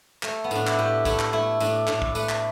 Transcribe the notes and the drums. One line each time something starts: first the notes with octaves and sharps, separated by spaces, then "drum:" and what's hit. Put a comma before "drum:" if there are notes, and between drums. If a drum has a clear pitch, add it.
A3, drum: clap
B3
A2 D4, drum: tambourine
E4, drum: clap
A2 G4
A3 E4, drum: kick, tambourine
drum: clap
A3 E4
A2 D4, drum: tambourine
A2 D4, drum: clap
drum: kick
A3 B4, drum: tambourine
drum: clap